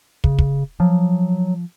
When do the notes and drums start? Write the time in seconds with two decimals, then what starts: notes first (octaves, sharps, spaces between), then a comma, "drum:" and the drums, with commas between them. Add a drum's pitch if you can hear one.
0.24 C#3, drum: kick
0.39 drum: kick
0.80 F3 F#3